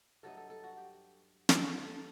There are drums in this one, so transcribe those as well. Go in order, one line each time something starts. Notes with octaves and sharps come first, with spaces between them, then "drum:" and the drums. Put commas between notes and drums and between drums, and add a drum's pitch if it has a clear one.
G2 F#3 A3 D#4 A4
A4
A4
F#4
G4
drum: snare
A4